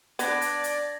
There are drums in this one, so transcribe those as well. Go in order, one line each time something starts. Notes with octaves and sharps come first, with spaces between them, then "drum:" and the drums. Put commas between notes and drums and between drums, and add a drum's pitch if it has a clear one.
B3 D4 D5 D6 G#6 A#6, drum: hi-hat
drum: hi-hat
drum: hi-hat